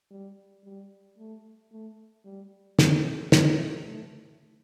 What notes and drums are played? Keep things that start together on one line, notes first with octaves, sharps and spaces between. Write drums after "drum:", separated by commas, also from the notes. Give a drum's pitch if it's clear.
G3
G3
A3
A3
G3
F3, drum: snare
G3, drum: snare
A3